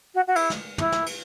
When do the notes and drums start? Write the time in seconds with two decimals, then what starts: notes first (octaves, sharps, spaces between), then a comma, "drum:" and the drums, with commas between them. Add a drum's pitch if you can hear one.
0.14 F#4
0.27 F#4
0.36 E4, drum: cymbal
0.50 drum: snare
0.78 E4, drum: tom
0.92 drum: snare
1.06 drum: cymbal